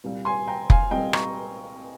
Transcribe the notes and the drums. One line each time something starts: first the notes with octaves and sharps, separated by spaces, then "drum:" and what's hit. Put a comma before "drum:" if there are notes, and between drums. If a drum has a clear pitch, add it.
C2 A#2 G3
G#5 C6
G5 A#5
F5 G#5, drum: kick F1
C2 A#2 G3 D#5 G5
A#5 C#6, drum: rim click